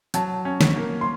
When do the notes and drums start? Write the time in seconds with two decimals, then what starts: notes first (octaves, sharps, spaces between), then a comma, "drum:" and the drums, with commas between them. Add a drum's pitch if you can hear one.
0.14 F#3 A5, drum: hi-hat
0.45 C#4
0.61 drum: snare
0.76 A#3
1.01 C6